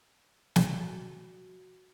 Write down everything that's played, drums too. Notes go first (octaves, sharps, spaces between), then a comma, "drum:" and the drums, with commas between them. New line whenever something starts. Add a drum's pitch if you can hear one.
drum: snare
F#4